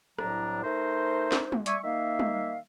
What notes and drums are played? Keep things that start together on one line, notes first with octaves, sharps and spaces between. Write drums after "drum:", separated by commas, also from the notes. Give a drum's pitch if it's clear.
C2 A2 F#3 D4 A#5, drum: rim click
A3 D#4 A#4 C5
drum: snare
drum: tom G3
D5 E5 G#5 C#6, drum: hi-hat
D#3 A#3 D#4 E5 F5
drum: tom G3